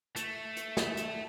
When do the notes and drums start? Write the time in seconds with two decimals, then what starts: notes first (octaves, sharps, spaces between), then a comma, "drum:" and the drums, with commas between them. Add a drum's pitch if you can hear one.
0.16 A3, drum: hi-hat
0.57 drum: hi-hat
0.77 drum: snare
0.97 drum: hi-hat